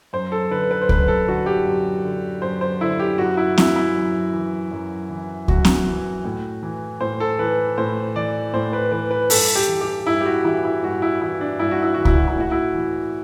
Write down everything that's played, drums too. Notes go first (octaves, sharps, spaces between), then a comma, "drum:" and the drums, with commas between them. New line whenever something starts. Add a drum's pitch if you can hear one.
F#2 C5
A4
D3 B4
B4
C5
F#2 B4, drum: kick C#2
A4
D3 F#4
G4
F#2
D3
F#2 C5
C5
D3 E4
G4
F#2 F#4
E4
E3 E4, drum: snare C4
E4
F#2
E3
F#2
E3
F#2 F#4, drum: kick C#2
drum: snare C4
E3
A2
E3
A2 C5
A4
E3 B4
A2 C5
E3 D5
A2 C5
B4
E3 B4
B4
G2 A4, drum: open hi-hat
G4
E3
G4
G2 E4
G4
F#4
E3 E4
E4
G2 F#4
E4
E3 E4
D4
G2 E4
F#4
E4
E3 F#4
E4, drum: kick C#2
F#4
E4
A2 F#4
E4
E3